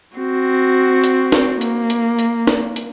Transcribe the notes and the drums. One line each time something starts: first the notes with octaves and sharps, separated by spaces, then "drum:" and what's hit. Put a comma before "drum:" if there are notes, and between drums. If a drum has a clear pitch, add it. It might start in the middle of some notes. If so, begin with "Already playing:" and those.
C4 F#4
drum: hi-hat
drum: snare
A#3, drum: hi-hat
drum: hi-hat
drum: hi-hat
drum: snare
drum: hi-hat